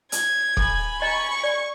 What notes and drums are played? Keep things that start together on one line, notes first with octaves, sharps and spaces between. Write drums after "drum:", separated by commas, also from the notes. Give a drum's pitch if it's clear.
G#6, drum: hi-hat
A4 G#5 B5, drum: kick E1
D#5 A#5 C#6
D5